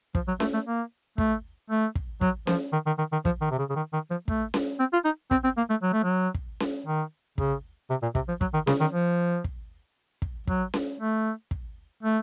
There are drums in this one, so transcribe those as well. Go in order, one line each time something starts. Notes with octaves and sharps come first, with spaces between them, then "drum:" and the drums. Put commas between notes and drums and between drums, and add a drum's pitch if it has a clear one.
F3, drum: kick
F#3
A3, drum: snare C#4
A3
A#3
A3, drum: kick
A3
drum: kick
F#3, drum: kick
F3, drum: snare C#4
D#3
D#3
D#3
D#3
F3, drum: kick
D#3
C3
C#3
C#3
D#3
D#3
F3
A3, drum: kick
drum: snare C#4
C4
F4
D#4
C4, drum: kick
C4
A#3
A3
F#3
A3
F#3
drum: kick
drum: snare C#4
D#3
C#3, drum: kick
C3
A#2
C3, drum: kick
F3
F#3, drum: kick
D#3
C#3, drum: snare C#4
D#3
F3
drum: kick
drum: kick
F#3, drum: kick
drum: snare C#4
A3
drum: kick
A3